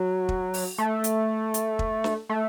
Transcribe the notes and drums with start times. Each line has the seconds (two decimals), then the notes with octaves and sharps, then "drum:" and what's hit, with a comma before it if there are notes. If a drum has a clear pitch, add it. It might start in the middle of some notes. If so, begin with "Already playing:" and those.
Already playing: F#3
0.29 drum: kick
0.54 drum: open hi-hat
0.78 A3
1.04 drum: hi-hat
1.54 drum: hi-hat
1.79 drum: kick
2.04 drum: snare
2.29 A3